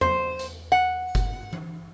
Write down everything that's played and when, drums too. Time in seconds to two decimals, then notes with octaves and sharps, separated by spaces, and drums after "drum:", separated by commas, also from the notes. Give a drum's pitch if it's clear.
0.01 C5, drum: tom E2
0.39 drum: hi-hat
0.72 F#5
1.15 drum: kick F#1, hi-hat
1.53 drum: tom E3